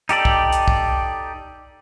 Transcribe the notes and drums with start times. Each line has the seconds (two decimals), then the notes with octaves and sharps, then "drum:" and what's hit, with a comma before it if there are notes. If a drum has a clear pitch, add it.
0.09 D#4 G4 A4 D5, drum: hi-hat
0.25 drum: kick
0.53 drum: hi-hat
0.68 drum: kick